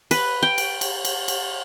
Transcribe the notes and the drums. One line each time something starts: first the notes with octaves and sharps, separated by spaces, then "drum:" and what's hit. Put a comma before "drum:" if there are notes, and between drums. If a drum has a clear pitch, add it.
B4, drum: cymbal
G5
drum: cymbal
drum: cymbal
drum: cymbal
drum: cymbal